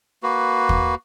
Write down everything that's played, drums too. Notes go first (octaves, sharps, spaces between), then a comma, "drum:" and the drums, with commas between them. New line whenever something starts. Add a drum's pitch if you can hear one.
A#3 F#4 B4
drum: kick